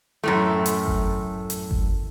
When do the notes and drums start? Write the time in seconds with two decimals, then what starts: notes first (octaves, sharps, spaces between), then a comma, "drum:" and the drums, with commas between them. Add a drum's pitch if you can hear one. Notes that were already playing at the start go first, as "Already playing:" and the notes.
0.24 F#2 A2 A3
0.66 drum: hi-hat
0.87 drum: kick G1
1.50 drum: hi-hat
1.71 drum: kick G1